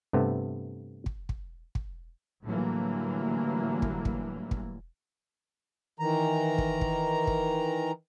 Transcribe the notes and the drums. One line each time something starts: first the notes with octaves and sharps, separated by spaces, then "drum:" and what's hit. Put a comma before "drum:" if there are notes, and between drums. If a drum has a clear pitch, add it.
G2 C3 A3 B3
drum: kick
drum: kick
drum: kick
A2 D3 E3 F#3 G3 A#3
drum: kick
drum: kick
drum: kick
D#3 E3 A#5
drum: kick
drum: kick
drum: kick